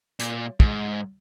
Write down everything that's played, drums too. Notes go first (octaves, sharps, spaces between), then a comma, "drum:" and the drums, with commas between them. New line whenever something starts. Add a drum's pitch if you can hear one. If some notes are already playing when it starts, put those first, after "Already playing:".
A#2, drum: hi-hat
G#2, drum: kick